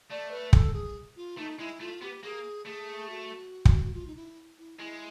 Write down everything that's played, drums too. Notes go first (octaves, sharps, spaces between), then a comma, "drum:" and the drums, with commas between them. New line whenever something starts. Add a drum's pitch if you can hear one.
A3 D5
B4
A4, drum: kick
G#4
F4
A3 D#4
G#3 E4
A3 F4
B3 G4
A#3 G#4
A3 G#4
F#4
drum: kick
F4
D#4
E4
E4
G#3 E4